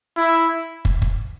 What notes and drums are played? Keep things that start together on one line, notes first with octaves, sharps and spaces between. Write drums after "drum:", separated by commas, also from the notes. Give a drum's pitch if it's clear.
E4
drum: kick
drum: kick